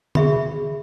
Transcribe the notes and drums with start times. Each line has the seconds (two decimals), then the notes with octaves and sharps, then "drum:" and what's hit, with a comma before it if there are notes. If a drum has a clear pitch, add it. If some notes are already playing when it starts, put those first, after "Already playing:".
0.15 G#4 E5 B5, drum: tom